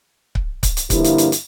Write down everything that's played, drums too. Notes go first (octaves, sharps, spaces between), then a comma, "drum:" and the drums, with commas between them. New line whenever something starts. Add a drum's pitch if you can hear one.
drum: kick C#1
drum: kick C#1, hi-hat
drum: hi-hat
G2 D3 F3 A#3 E4, drum: kick C#1, hi-hat
drum: hi-hat
drum: hi-hat
drum: hi-hat